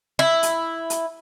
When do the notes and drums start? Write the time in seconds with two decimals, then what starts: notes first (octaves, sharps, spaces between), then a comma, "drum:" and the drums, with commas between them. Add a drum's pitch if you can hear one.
0.19 E4
0.43 drum: hi-hat
0.90 drum: hi-hat